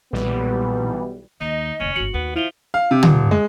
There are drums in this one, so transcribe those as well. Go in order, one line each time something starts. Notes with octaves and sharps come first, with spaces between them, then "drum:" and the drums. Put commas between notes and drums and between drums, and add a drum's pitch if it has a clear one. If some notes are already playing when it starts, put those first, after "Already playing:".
B1 A#2 E3 G3 G#3 B3
D#2 D#4 D#5
F1 D#2 C#4
G1 E2 F#4 C#7 F#7
D#2 B3
F3 E4 E5 F7 G7
F5
C3
D#1, drum: tom
G#3